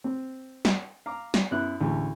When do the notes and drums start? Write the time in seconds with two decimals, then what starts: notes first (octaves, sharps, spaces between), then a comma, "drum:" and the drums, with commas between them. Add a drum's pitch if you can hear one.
0.04 C4
0.65 drum: snare
1.06 F5 A#5 D6
1.34 drum: snare
1.51 F#2 B3 E4 F#6
1.80 A1 D2 G#3